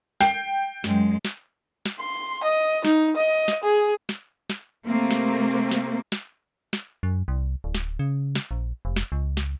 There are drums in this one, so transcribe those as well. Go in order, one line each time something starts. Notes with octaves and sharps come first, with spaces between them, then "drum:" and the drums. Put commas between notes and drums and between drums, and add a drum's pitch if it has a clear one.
G5 C7, drum: snare
F#2 G#3, drum: snare
drum: snare
drum: snare
C6
D#5
D#4, drum: snare
D#5
drum: snare
G#4
drum: snare
drum: snare
C3 A3 A#3 C4
drum: snare
drum: snare
drum: snare
drum: snare
F#2
C2
D1
drum: snare
C#3
drum: snare
A#1
F1
drum: snare
C#2
drum: snare